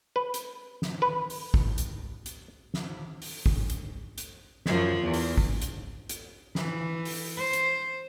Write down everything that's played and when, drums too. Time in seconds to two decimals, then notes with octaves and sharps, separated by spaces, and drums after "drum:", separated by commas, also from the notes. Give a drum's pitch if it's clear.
0.16 B4
0.34 drum: hi-hat
0.82 drum: snare
1.02 B4
1.30 drum: open hi-hat
1.54 drum: kick
1.78 drum: hi-hat
2.26 drum: hi-hat
2.74 drum: snare
3.22 drum: open hi-hat
3.46 drum: kick
3.70 drum: hi-hat
4.18 drum: hi-hat
4.66 F#2 F3, drum: snare
5.04 E2
5.14 drum: open hi-hat
5.38 drum: kick
5.62 drum: hi-hat
6.09 drum: hi-hat
6.55 E3, drum: snare
7.05 drum: open hi-hat
7.37 C5
7.53 drum: hi-hat